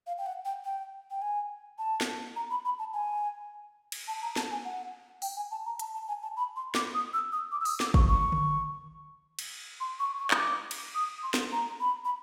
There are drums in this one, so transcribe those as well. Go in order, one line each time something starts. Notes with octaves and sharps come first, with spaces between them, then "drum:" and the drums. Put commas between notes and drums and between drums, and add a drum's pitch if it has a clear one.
F5
G5
F#5
G5
G5
G5
G#5
A5
drum: snare
A#5
B5
B5
A5
G#5
drum: cymbal
A5
A#5
A5, drum: snare
G#5
F#5
G5, drum: open hi-hat
G#5
A5
A#5
A5, drum: hi-hat
A5
G#5
A5
B5
C6
D6, drum: snare
D#6
E6
D#6
D6
E6
D#6, drum: open hi-hat
D6, drum: snare
C#6, drum: kick
C#6
drum: tom D3
drum: cymbal
C6
C#6
C#6
D#6, drum: clap
D6
drum: cymbal
D#6
C6
drum: snare
A#5
B5
B5